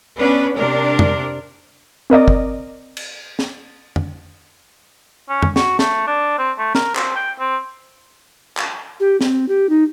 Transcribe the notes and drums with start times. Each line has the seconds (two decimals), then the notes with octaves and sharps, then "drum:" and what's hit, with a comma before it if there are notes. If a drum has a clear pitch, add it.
0.16 B3 C#4 D4 B4
0.55 C3 D4 A#4
0.99 drum: tom F2
2.10 C4 A#4 D5 D#5
2.28 drum: kick
2.97 drum: cymbal
3.39 drum: snare
3.96 drum: tom F2
5.29 C#4
5.42 drum: tom F2
5.56 F#4, drum: snare
5.79 A3, drum: snare
6.07 D4
6.38 C4
6.58 A3
6.75 A#4, drum: snare
6.95 C4, drum: clap
7.16 G5
7.39 C4
8.57 drum: clap
9.00 G4
9.21 C4, drum: snare
9.49 G4
9.69 D#4